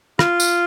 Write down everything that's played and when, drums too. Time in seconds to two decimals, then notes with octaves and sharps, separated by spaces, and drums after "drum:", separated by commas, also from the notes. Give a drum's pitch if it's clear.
0.19 F4, drum: rim click
0.40 drum: tambourine